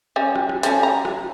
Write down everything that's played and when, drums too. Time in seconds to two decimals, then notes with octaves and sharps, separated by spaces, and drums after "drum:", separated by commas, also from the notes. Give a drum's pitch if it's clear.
0.16 G3 C#4
0.36 drum: rim click
0.49 drum: rim click
0.63 G3 A3 C#4, drum: hi-hat
0.83 A#5
1.05 drum: rim click